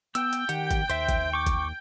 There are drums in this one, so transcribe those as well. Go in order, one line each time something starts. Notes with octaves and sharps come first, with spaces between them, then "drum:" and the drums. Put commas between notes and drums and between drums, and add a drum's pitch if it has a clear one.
B3 G5 E6, drum: hi-hat
drum: hi-hat
D#3 G4 F#5, drum: hi-hat
drum: kick G#1, hi-hat
D#2 C5 E5, drum: hi-hat
drum: kick G#1, hi-hat
C#6 D6
drum: kick G#1, hi-hat